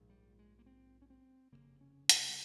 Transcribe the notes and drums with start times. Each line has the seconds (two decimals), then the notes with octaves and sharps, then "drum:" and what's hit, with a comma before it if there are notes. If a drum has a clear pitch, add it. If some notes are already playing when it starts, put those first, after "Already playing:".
Already playing: A#1 G#2
0.10 G3
0.39 G#3
0.59 A#3
0.66 C4
1.02 C#4
1.10 C4
1.52 F1 D#2 C#3 A#3
1.81 C#4
2.09 C4, drum: hi-hat
2.29 G3